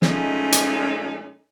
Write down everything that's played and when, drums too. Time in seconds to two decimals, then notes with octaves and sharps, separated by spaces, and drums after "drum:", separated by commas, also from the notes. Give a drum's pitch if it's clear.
0.02 A#2 F3 G#3 A3 C#4 D#4, drum: snare
0.52 drum: hi-hat